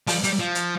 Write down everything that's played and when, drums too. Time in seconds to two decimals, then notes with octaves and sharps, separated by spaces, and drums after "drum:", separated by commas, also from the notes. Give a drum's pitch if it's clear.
0.07 F3, drum: open hi-hat
0.24 G3, drum: hi-hat
0.39 F3
0.55 drum: hi-hat